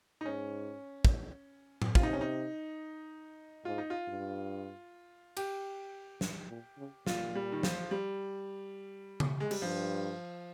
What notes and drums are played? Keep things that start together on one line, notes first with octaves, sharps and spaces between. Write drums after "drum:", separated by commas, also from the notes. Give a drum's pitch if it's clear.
D#4
G#2 C#4
drum: kick
drum: tom A2
C3 F4, drum: kick
D#4
C#4
D#4
G#2 F4
D#4
F4
G2
G4, drum: cymbal
G2, drum: snare
A#2
C#3
A#2 F4, drum: snare
G3
D#3
F3, drum: snare
G3
drum: tom C#3
G#3
G3, drum: cymbal
G2 F3